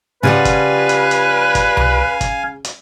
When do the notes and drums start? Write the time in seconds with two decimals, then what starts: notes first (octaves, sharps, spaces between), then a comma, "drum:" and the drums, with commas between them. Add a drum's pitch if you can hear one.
0.23 C#3 F3 G3 B4 F5 F#5 G#5
0.45 drum: kick, hi-hat
0.89 drum: hi-hat
1.11 drum: hi-hat
1.55 drum: kick, hi-hat
1.77 drum: tom C2
2.21 drum: kick, hi-hat
2.65 drum: hi-hat